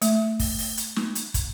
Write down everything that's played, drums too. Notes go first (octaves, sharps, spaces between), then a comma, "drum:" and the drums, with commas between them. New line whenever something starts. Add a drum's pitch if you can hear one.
A3, drum: hi-hat
drum: kick, open hi-hat
drum: open hi-hat
drum: hi-hat
drum: snare
drum: hi-hat
drum: kick, hi-hat